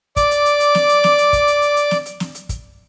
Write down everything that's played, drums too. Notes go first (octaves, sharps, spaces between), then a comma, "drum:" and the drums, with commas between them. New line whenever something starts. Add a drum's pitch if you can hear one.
D5 D6, drum: kick, hi-hat
drum: hi-hat
drum: hi-hat
drum: hi-hat
drum: snare
drum: hi-hat
drum: snare
drum: hi-hat
drum: kick, hi-hat
drum: hi-hat
drum: hi-hat
drum: hi-hat
drum: snare
drum: hi-hat
drum: snare
drum: hi-hat
drum: kick, hi-hat